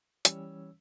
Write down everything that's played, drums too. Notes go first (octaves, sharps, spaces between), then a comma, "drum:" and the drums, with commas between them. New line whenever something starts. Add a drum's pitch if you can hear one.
E3 G3 C#4 C#5 E6, drum: hi-hat